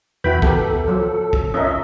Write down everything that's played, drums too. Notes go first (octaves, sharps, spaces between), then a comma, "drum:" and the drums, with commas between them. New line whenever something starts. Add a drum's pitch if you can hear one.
E2 E4 F#4 B4 G5 B5
B3 G4 A4 A#4, drum: kick
F3 F#3
drum: kick
C#4 F4 A#4 D#5 E5